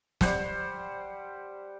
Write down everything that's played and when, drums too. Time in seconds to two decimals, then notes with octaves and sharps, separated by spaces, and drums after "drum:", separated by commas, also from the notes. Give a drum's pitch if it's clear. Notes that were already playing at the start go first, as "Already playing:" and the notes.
0.21 G3 C5 F#5, drum: snare